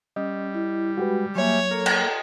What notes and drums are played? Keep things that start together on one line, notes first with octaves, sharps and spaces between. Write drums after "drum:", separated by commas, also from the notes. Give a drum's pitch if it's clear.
G3 C#4 D#5
E4
G#3 F#4 G4 B4
F#3 A#3 C#5 E5 G#5
A#3 A4 A#5
drum: cymbal